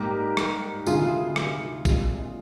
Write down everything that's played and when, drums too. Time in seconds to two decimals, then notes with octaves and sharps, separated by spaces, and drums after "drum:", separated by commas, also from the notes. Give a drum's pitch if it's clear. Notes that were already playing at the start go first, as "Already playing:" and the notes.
Already playing: G#2 G3 A#3 G4 A#4
0.37 drum: rim click
0.86 D2 C3 D#3 F4 G#4, drum: tambourine
1.36 drum: rim click
1.85 C2 A#2 G#3, drum: kick A1, tambourine